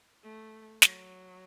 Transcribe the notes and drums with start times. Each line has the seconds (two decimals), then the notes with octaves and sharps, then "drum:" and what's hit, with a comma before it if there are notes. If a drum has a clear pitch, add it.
0.23 A3
0.82 F#3, drum: snare